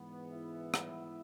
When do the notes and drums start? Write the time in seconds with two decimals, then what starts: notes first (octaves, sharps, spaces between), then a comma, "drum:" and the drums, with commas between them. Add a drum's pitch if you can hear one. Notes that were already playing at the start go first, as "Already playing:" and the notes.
Already playing: G#2 E3 G#3 B3
0.32 E4 E5
0.74 drum: rim click